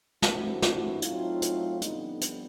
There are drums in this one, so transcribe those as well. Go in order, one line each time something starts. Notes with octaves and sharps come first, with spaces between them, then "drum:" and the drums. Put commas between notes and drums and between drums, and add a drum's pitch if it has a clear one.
G#1 G2 E3 A3 C4 E4 F#4, drum: snare
drum: snare
A2 F#3 A3 C4 D#4 F4, drum: hi-hat
drum: hi-hat
F2 D3 G3 B3 C#4 D#4, drum: hi-hat
drum: hi-hat